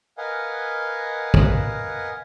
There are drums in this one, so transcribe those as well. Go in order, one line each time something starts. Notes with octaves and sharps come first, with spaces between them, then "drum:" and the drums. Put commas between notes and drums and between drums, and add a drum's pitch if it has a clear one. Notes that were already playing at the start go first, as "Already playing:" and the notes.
A#4 B4 D#5 F5 F#5 G#5
drum: kick